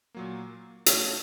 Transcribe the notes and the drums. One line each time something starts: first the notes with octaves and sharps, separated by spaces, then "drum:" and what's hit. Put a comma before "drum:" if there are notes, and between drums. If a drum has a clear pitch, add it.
A#2 F#3 A#3
A3 C#4 F#4, drum: hi-hat